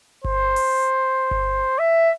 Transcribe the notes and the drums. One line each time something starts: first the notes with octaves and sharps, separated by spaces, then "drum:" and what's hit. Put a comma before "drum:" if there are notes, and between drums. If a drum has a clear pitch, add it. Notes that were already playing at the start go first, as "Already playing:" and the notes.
C5, drum: kick G1
drum: open hi-hat
drum: kick G1
E5